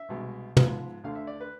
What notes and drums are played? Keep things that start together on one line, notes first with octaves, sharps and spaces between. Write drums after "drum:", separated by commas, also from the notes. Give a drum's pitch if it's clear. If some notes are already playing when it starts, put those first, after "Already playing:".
Already playing: E5
C2 B2 G#3
G#2 F3 B3, drum: tom
D2 D3 A3 F5
E5
D5
B4